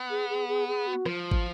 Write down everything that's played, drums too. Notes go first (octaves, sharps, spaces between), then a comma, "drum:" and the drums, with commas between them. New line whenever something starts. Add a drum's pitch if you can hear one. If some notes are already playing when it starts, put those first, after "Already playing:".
Already playing: B3
G#4
G#4
G#4
G#4
F#4
F3 F4, drum: rim click
drum: kick